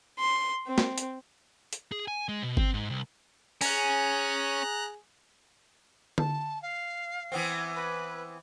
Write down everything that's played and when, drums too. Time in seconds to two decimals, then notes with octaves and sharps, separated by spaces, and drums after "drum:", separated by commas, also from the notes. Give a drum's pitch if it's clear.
0.19 C6
0.67 C4
0.78 drum: snare
0.98 drum: hi-hat
1.73 drum: hi-hat
1.92 G#4
2.08 G#5
2.29 G#3
2.42 B2
2.57 C4, drum: kick G1
2.74 G#2
2.90 C2
3.61 C#4 G#4 A#5 F#6, drum: open hi-hat
6.18 A5, drum: tom D3
6.62 F5
7.32 E3 B3 C4
7.74 B4